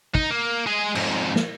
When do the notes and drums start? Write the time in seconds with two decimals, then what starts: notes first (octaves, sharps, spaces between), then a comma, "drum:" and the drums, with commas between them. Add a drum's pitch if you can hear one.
0.15 D#4, drum: kick
0.31 A#3
0.67 G#3 G#4
0.95 F2 G#2, drum: cymbal
1.36 drum: snare